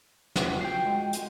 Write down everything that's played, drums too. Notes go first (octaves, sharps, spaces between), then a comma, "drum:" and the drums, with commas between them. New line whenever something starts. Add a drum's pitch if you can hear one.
F2 F#4, drum: snare
G5 C7
G#3
drum: hi-hat